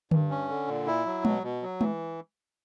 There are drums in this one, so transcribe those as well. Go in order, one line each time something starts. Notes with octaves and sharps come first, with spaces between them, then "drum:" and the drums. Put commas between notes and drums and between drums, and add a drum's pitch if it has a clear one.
G2, drum: tom D3
C#4
D3
A#2
E4
F#3
B2, drum: tom G#3
B2
F#3
E3, drum: tom G#3